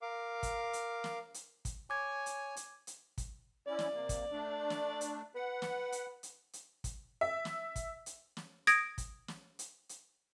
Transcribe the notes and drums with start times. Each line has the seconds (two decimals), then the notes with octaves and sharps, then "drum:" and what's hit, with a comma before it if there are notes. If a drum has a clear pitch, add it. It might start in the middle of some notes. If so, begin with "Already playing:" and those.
0.02 A#4 F5 D6
0.43 drum: kick, hi-hat
0.73 drum: hi-hat
1.04 drum: snare
1.34 drum: hi-hat
1.65 drum: kick, hi-hat
1.90 C#5 G#5 D6 G#6
2.26 drum: hi-hat
2.57 drum: hi-hat
2.87 drum: hi-hat
3.18 drum: kick, hi-hat
3.67 C#4 E4 D5
3.79 drum: snare
3.93 C3 A#3
4.09 drum: kick, hi-hat
4.32 A3 D4
4.70 drum: snare
5.01 drum: hi-hat
5.36 B4 F#5
5.62 drum: snare
5.92 drum: hi-hat
6.23 drum: hi-hat
6.53 drum: hi-hat
6.84 drum: kick, hi-hat
7.21 E5
7.45 drum: snare
7.76 drum: kick, hi-hat
8.06 drum: hi-hat
8.37 drum: snare
8.67 D#6 G#6 A#6 D7, drum: hi-hat
8.98 drum: kick, hi-hat
9.28 drum: snare
9.59 drum: hi-hat
9.89 drum: hi-hat